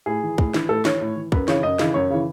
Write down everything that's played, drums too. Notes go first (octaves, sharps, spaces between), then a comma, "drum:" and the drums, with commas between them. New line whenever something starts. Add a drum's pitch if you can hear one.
A2 G#4
E3
A2, drum: kick
E3, drum: snare
A2 A4
E3 C#5, drum: snare
A2
E3
F#2 B4, drum: kick
C#3 E3 C#5, drum: snare
F#2 D#5
C#3 E3, drum: snare
F#2 C#5
C#3 E3